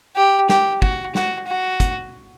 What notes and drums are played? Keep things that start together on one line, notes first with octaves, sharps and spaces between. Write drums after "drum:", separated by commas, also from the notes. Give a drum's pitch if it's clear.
G4
G4, drum: snare
F#4, drum: kick
F#4, drum: snare
F#4
drum: kick, hi-hat